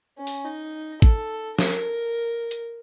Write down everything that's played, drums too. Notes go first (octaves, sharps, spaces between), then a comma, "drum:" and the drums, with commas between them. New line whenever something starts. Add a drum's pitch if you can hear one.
C#4
drum: open hi-hat
D#4
A4, drum: kick
A#4, drum: snare
drum: hi-hat